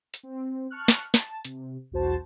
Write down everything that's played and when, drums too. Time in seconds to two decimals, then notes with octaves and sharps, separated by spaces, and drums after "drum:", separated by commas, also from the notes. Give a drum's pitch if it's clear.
0.14 drum: hi-hat
0.23 C4
0.70 A5 C#6 F6 F#6
0.88 drum: snare
1.14 A5, drum: snare
1.45 C3, drum: hi-hat
1.91 B1 E2 F#4 C5 A5